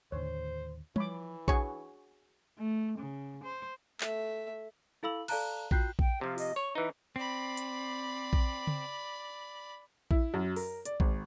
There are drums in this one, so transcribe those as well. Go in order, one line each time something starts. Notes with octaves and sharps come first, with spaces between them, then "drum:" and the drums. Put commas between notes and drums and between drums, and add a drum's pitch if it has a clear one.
D#2 A2 D3 C5 C#5
E3 F3 C#5 B5 D6, drum: tom G3
D4 F#4 G#4 C#5 G#5 C#6, drum: kick A#1
A3
C#3
C5
A3 E5, drum: clap
E4 A4 F5 B5 E6 F#7
A4 D5 F5 A5 A#5 F#6, drum: cymbal
F4 F#4 G5 F#6 G6 C7, drum: kick A#1
G5, drum: kick A#1
C3 F3 F4
D#5, drum: open hi-hat
C#5 C#6
E3 D#4 B4
C4 D5 B5
drum: hi-hat
drum: kick A#1
drum: tom C#3
E4, drum: kick A#1
F#2
A#4, drum: open hi-hat
D5, drum: hi-hat
G#1, drum: kick A#1